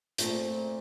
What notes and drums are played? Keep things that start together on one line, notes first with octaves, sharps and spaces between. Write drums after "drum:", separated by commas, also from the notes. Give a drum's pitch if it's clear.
A#2 A3 C4, drum: hi-hat